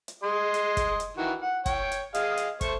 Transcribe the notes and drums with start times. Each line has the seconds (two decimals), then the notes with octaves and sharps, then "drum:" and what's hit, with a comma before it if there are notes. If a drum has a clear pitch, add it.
0.08 drum: hi-hat
0.24 G#4 D#5 C6
0.54 drum: hi-hat
0.77 drum: kick, hi-hat
1.00 drum: hi-hat
1.17 D#3 E3 F#4
1.42 F#5
1.66 C#5 G5, drum: kick, hi-hat
1.92 drum: hi-hat
2.14 G#4 D#5 F5, drum: hi-hat
2.37 drum: hi-hat
2.61 A3 C5 C#6, drum: kick, hi-hat